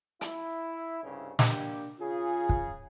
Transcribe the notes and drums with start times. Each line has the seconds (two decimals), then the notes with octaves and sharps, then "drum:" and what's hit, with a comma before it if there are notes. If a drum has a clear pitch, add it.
0.21 E4, drum: hi-hat
1.03 C2 G2 C#3
1.39 A#3 D4 G4, drum: snare
2.00 C#3 F4 G#4
2.49 drum: kick